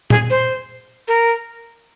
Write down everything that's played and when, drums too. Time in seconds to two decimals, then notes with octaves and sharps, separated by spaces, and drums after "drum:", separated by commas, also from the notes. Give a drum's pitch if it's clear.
0.10 G#4, drum: tom A#2
0.30 C5
1.08 A#4